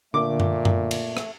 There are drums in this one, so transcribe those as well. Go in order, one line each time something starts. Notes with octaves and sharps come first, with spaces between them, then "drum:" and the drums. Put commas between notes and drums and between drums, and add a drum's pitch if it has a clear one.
A#2 D3 A3 A#3 D6
drum: tom F#2
drum: tom F#2
drum: cymbal
drum: rim click